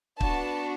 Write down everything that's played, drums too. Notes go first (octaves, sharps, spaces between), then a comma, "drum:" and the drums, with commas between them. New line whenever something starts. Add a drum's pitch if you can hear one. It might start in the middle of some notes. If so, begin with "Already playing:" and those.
B3 D4 F#4 A5, drum: kick